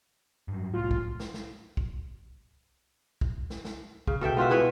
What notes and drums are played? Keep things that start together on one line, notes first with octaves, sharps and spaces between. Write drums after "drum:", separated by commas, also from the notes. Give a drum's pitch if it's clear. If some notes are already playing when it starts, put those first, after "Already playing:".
G2 F#3
C2 A2 F4
drum: kick
drum: snare
drum: snare
drum: kick
drum: kick
drum: snare
drum: snare
C#3, drum: kick
B2 A4 E5 G5
B3 F4 F#4 E5
E4 G#4 B4 C#5